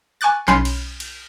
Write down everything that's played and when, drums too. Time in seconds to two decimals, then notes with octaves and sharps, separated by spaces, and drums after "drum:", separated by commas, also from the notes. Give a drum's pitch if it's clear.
0.21 G#5 C#6 D6 F#6 A6
0.48 B1 C#4 B5 C6 F6 C7, drum: clap
0.65 drum: cymbal
1.00 drum: cymbal